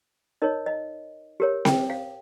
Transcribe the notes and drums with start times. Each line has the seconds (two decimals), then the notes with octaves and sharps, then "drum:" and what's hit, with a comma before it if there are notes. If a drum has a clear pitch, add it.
0.42 D#4 A#4 C#5 D#5
0.66 D#5
1.40 G4 A#4 C#5
1.65 G5, drum: snare C4
1.90 F5